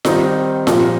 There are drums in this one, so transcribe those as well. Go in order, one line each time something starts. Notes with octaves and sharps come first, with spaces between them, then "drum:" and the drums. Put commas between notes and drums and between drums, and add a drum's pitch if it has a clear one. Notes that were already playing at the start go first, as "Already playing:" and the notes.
D#3 G3 C4 D#4, drum: snare F4
A#2 F3 C4 G4 A#4, drum: snare F4